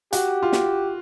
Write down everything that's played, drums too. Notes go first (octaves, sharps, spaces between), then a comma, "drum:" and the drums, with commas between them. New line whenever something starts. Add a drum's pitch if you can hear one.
F#4 G4, drum: hi-hat
F4
drum: snare